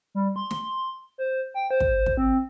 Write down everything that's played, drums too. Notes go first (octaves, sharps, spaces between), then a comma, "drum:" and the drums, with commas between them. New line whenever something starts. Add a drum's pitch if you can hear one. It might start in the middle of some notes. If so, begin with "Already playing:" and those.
G3
C6
drum: snare
C5
G5
C5
drum: kick
drum: kick
C4